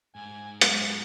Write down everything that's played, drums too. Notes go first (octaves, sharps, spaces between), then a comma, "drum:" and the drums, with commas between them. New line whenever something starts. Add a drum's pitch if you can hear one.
G#2 G#5
F#3 G#3 B3 A4 C#7, drum: hi-hat